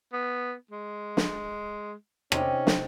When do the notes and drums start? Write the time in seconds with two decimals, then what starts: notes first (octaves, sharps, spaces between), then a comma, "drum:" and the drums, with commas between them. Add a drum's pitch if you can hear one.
0.13 B3
0.71 G#3
1.17 drum: snare
2.32 C3 C4 C#4 D#4, drum: rim click
2.67 drum: snare